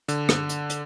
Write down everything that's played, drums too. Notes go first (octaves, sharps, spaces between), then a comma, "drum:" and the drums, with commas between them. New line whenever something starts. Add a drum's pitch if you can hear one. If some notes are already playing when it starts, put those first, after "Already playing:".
D3, drum: hi-hat
drum: rim click
drum: hi-hat
drum: hi-hat